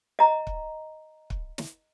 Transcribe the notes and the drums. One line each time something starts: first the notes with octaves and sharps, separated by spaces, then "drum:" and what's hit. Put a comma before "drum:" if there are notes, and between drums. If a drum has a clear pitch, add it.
D#5 A#5
drum: kick
drum: kick
drum: snare